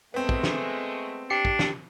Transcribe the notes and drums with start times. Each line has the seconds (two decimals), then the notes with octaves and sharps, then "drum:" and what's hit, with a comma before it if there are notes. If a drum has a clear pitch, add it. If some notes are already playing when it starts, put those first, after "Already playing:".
0.14 G#3 A3 B3 C4
0.29 drum: kick
0.43 drum: snare
1.30 D4 G4 C7 C#7
1.45 drum: kick
1.59 drum: snare